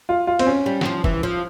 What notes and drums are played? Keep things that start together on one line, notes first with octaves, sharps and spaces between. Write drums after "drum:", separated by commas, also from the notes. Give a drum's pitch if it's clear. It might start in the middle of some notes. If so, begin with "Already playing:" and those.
F4
F4
C4, drum: cymbal
C#4
G3
F#3, drum: snare
F3
E3, drum: kick F1
F3